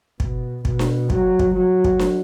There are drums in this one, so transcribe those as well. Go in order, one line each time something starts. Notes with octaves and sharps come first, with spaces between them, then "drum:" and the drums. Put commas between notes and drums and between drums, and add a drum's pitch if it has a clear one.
B2, drum: kick
B2, drum: kick
drum: snare D4
F#3, drum: kick
drum: kick
F#3
drum: kick
drum: snare D4